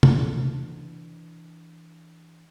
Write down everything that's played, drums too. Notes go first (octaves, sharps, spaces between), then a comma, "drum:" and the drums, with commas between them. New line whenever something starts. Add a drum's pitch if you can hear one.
E3 D4, drum: tom